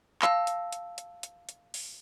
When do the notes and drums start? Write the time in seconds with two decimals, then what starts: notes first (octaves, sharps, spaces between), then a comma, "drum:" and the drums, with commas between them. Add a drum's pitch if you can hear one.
0.22 F5 A5 E6 A#6, drum: clap
0.47 drum: hi-hat
0.73 drum: hi-hat
0.98 drum: hi-hat
1.23 drum: hi-hat
1.49 drum: hi-hat
1.74 drum: open hi-hat